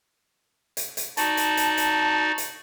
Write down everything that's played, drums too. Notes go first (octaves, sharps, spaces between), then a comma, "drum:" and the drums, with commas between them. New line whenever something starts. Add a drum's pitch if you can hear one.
drum: hi-hat
drum: hi-hat
D#4 F#4 D5 A5, drum: hi-hat
drum: hi-hat
drum: hi-hat
drum: hi-hat
drum: hi-hat